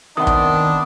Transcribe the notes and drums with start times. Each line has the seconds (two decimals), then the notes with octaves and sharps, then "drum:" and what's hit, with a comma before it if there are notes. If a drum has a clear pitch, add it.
0.17 C3 D#3 B3 D4 C6 D#6
0.27 drum: kick